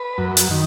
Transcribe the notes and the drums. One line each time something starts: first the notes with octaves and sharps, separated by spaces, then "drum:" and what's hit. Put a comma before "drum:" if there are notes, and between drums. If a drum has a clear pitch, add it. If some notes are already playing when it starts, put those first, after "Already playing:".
Already playing: B4
F#2
drum: hi-hat
D#3